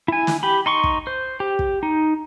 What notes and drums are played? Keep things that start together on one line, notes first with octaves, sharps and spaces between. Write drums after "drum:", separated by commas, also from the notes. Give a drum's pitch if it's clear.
E4 G#5
drum: snare
G4 B5
D#4 C6 C#6
drum: kick
C5
G4
drum: kick
D#4